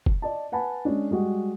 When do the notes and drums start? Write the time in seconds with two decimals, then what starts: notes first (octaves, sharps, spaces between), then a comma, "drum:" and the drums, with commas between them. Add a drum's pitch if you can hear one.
0.06 drum: kick
0.22 D5 D#5 A5
0.52 B4 F#5 G#5 A5 B5
0.85 G#3 C#4 D4
1.11 G3 G#3 F#4 G4